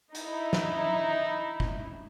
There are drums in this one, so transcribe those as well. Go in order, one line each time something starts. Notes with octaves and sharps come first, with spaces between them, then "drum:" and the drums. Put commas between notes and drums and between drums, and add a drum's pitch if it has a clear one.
D#4 E4, drum: hi-hat
drum: snare
drum: kick F#1